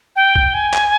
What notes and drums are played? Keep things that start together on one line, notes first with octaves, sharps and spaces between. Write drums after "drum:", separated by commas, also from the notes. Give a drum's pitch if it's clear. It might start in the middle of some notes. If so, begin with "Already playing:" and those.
G5
drum: kick C2
G#5
drum: clap